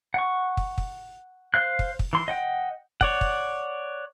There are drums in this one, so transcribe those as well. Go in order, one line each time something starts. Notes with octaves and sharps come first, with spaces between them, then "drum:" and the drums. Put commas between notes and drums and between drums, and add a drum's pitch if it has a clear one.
F#5 C#6
drum: kick
drum: kick
C5 F5 F#6
drum: kick
drum: kick
E3 C6
D#5 F#5 G5
C#5 D5 F#5, drum: kick
drum: kick